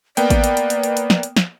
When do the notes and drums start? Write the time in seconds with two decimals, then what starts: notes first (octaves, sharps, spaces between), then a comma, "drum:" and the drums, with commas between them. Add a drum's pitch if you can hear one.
0.17 A#3 B3 D5 G5, drum: hi-hat
0.30 drum: kick A1, hi-hat
0.44 drum: hi-hat
0.57 drum: hi-hat
0.70 drum: hi-hat
0.83 drum: hi-hat
0.97 drum: hi-hat
1.10 drum: snare
1.23 drum: hi-hat
1.37 drum: snare